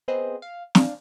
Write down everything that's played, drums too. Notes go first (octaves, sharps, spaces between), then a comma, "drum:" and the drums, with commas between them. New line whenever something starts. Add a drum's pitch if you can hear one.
B3 C4 G#4 B4 C5 D#5
F5
D4 D5 F5, drum: snare